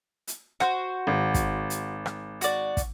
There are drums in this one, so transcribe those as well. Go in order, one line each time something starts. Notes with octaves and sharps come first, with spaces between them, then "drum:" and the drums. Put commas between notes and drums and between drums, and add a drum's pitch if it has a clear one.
drum: hi-hat
F#4 C5, drum: rim click
G#1
drum: kick, hi-hat
drum: hi-hat
drum: rim click
F#4 D5, drum: hi-hat
drum: kick, hi-hat